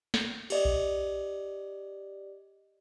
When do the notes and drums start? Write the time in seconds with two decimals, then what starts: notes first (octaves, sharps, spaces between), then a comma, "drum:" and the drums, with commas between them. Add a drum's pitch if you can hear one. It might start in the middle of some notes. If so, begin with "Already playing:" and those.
0.14 drum: snare
0.50 G4 D5 D#5, drum: cymbal
0.65 drum: kick A#1